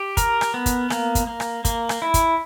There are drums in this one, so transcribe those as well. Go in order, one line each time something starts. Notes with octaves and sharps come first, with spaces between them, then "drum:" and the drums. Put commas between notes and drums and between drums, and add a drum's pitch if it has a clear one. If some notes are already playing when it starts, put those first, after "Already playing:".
Already playing: G4
A#4, drum: kick, hi-hat
drum: rim click
B3
drum: kick, hi-hat
A#3, drum: rim click
drum: kick, hi-hat
A#3
drum: rim click
A#3, drum: kick, hi-hat
drum: rim click
E4
drum: kick, hi-hat